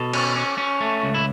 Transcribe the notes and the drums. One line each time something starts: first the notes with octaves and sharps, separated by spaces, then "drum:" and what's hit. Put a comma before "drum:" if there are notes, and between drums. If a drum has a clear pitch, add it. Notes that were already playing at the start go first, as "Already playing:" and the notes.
Already playing: B2 A4
C#4, drum: cymbal
C#4
C#4
A3
C#2
E4